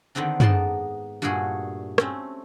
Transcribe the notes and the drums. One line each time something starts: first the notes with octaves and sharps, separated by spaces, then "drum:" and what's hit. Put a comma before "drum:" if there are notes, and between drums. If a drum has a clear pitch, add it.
D3 D#3 B3 C4 D4
G#2 B3 D#4 D5 A5 C6, drum: tom
G2 A#2 A3 F#4 G#4 F#5
A3 C4 C#4, drum: rim click